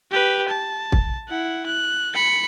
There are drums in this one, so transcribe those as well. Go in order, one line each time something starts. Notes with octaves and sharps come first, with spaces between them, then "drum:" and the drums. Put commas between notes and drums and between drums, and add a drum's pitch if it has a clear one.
G4 B4
A5
drum: kick
E4 F#5
F#6
B5 C#7